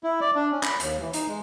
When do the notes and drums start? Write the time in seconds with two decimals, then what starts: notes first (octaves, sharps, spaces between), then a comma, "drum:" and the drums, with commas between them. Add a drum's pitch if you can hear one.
0.04 E4
0.21 D5
0.35 D4
0.51 C#4
0.63 B5, drum: clap
0.80 D#2, drum: hi-hat
1.00 E3
1.13 D#4, drum: hi-hat
1.28 G#3